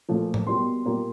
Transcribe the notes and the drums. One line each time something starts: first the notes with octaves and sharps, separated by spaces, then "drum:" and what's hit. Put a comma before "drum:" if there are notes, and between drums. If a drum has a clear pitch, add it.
A#2 F3 A3
drum: tom
B2 G3 A#3 C6
A#2 G3 A#3